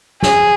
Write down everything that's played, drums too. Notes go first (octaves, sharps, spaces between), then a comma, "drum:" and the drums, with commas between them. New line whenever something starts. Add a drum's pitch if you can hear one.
G#4, drum: snare